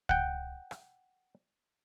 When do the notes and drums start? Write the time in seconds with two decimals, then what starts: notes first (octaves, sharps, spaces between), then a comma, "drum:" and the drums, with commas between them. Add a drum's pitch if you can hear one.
0.09 F#5 G5, drum: kick C#2
0.71 drum: rim click